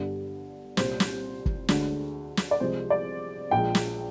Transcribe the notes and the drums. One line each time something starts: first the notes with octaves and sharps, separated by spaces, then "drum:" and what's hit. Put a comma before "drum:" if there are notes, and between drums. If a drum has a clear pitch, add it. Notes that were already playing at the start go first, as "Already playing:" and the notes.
Already playing: G1 G2 D3 G3
C2 A#2 G3 C5, drum: snare
drum: snare
drum: kick
D2 D3 G#3, drum: snare
drum: snare
D5
C2 C3 F3 G#3 C5
D5
A#1 A#2 F3 G#3 G5
drum: snare